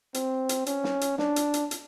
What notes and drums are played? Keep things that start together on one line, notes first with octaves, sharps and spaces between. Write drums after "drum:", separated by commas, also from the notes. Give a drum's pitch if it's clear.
C4, drum: hi-hat
drum: hi-hat
C#4, drum: hi-hat
drum: snare
drum: hi-hat
D4, drum: snare
drum: hi-hat
drum: hi-hat
drum: hi-hat